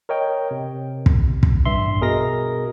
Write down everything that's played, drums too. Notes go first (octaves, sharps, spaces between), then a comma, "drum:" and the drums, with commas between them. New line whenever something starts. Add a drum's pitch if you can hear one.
A#4 C#5 D#5 G5
C3
drum: kick
drum: kick
A1 G2 E5 C6
B2 G#4 A#4 D#5 A#6